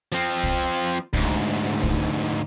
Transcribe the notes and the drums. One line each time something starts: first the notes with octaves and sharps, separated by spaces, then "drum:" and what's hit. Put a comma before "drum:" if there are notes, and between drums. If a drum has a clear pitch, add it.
F3 C4
drum: kick
D2 G#2, drum: kick
drum: kick